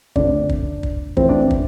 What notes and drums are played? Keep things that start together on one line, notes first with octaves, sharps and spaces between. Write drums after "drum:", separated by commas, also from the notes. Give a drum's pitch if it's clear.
D3 A3 C4 D4 D5, drum: kick
drum: kick
drum: kick
E3 A3 C4 C5, drum: kick
D4 D5
drum: kick